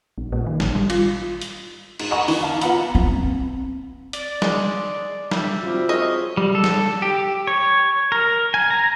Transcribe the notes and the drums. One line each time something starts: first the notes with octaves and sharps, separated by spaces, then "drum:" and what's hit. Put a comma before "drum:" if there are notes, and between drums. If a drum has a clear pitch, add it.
A#1
A#2
D#3
G#1, drum: snare
G3
F4, drum: cymbal
drum: hi-hat
G#2, drum: cymbal
D#5 F#5 G#5 A#5 B5 C#6
E3, drum: open hi-hat
F5 A5
B3 F4 F#5 A#5 B5, drum: hi-hat
C4
D5, drum: hi-hat
G#3, drum: snare
G3 E5, drum: snare
C4 F4 F#4
G#4 C#5 D#5 C6 F6
G3
A4
drum: snare
G4
C#5
A#4
G#5
A#5